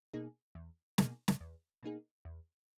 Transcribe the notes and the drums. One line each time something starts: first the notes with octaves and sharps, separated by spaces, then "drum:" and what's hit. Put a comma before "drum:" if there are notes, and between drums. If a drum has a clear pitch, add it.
B2 A#3 D#4 G#4
E2
B2 A#3 D#4 G#4, drum: snare
drum: snare
E2
B2 A#3 D#4 G#4
E2